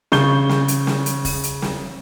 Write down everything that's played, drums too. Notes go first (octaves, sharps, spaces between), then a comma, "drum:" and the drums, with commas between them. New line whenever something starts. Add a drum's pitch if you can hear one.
C#3 C#6 G6 G7, drum: snare
drum: snare
drum: hi-hat
drum: snare
drum: hi-hat
drum: kick, open hi-hat
drum: hi-hat
drum: snare